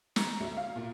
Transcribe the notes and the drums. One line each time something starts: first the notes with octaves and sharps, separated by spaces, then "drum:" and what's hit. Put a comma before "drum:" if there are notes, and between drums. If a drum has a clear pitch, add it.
A#5, drum: snare
D2
F5
A#2